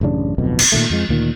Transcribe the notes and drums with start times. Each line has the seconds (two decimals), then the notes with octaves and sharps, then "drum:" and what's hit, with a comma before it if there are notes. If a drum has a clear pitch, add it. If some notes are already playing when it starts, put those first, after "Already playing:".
0.01 A1 F#2 C#3 D4
0.38 D1 B1 F2 B2
0.59 drum: cymbal
0.72 A#2 D3 D#3 A3
0.90 F2 F3 G#3
1.09 D2 A#2 D#3